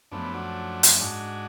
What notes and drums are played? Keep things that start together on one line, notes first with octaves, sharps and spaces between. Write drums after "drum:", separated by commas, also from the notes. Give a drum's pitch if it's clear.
F#2 F3 A3 B3 D4
D4 F#4
drum: hi-hat
G#2 G#3 D4 F#4